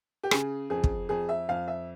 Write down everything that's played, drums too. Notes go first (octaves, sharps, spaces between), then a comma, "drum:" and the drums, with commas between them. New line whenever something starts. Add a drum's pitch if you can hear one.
G4
C#3 G#4, drum: rim click
F2 G#4
drum: kick
F2 G#4
E5
F2 F5
E5